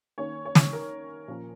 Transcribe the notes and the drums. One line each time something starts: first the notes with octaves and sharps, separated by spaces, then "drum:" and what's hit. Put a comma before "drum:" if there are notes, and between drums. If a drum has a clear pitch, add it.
D#3 A#3 C#4 C#5
C#5
drum: snare
A#4
A#2 F3 C#4